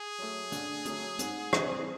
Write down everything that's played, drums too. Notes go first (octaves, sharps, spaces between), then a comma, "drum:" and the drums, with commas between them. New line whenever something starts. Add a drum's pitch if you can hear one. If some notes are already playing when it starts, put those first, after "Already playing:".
Already playing: G#4
F#3 A3
D3, drum: hi-hat
F#3 A3, drum: hi-hat
G#2, drum: hi-hat
E3 G3 C4, drum: rim click